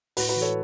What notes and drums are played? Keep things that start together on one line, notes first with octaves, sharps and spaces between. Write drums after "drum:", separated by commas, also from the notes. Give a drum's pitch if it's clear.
A2 F#4 B4, drum: open hi-hat
F#4 B4
E3
A4 C#5